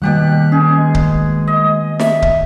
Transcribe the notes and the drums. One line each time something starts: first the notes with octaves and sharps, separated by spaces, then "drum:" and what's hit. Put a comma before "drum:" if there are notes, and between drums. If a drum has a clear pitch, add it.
B2 D#3 G3 A#3 G4 F#5 F#6
C#4 G#4
G#3
drum: kick C#1
D#5
E5, drum: snare
drum: kick C#1